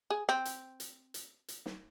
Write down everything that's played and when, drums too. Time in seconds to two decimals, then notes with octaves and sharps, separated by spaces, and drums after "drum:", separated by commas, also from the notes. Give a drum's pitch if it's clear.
0.10 G#4
0.29 C4
0.45 drum: hi-hat
0.80 drum: hi-hat
1.14 drum: hi-hat
1.48 drum: hi-hat
1.66 drum: snare